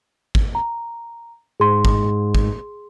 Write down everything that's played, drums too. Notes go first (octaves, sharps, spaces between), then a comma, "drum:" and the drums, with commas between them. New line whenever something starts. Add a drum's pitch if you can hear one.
drum: kick
A#5
G#2 G#4 C6
drum: kick
drum: kick